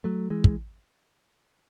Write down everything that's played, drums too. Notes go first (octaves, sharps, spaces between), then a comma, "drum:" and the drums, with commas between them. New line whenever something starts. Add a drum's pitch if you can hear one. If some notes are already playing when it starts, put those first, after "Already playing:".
F#3 A3
E3 G#3
drum: kick